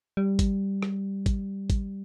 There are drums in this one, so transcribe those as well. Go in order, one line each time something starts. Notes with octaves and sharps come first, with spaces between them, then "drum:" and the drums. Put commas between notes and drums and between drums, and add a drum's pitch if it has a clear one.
G3
drum: kick G#1, hi-hat
drum: rim click
drum: kick G#1, hi-hat
drum: kick G#1, hi-hat